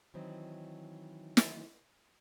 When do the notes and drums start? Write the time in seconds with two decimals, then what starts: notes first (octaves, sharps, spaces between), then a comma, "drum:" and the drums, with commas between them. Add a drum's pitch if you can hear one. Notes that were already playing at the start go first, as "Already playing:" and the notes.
0.14 D#3 E3 F#3 C4
1.37 drum: snare